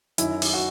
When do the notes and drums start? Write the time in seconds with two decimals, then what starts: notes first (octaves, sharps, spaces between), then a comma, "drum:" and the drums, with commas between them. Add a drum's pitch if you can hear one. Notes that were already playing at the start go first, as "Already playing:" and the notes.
0.18 F#2 D#3 E4, drum: hi-hat
0.42 drum: open hi-hat
0.53 F#4